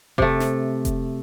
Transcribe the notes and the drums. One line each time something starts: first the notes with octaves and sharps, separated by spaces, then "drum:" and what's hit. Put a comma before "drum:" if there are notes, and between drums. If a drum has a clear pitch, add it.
C3 A3, drum: kick F1
drum: snare
drum: kick F1, hi-hat